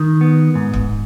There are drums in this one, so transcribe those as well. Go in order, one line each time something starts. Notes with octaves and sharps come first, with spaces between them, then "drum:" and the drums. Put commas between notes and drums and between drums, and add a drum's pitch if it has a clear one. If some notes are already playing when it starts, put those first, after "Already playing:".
Already playing: D#3
B3
G#2
drum: kick